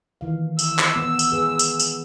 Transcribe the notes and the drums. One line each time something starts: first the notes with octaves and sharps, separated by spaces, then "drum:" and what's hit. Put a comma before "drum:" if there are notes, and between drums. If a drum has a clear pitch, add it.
D#3 E3 F5
E6, drum: tambourine
drum: clap
B3
drum: tambourine
G#4 B4
drum: tambourine
drum: tambourine